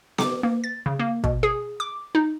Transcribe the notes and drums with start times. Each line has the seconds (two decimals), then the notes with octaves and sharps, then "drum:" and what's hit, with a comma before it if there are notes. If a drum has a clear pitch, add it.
0.18 D6, drum: snare B3
0.43 A#3
0.64 A6
0.86 C#3
0.99 A#3
1.24 B2, drum: kick
1.43 G#4
1.80 D6
2.15 D#4